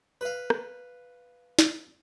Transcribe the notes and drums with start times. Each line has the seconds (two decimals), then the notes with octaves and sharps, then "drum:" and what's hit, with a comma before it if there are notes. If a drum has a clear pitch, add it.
0.21 B4 F5
0.50 drum: rim click
1.59 drum: snare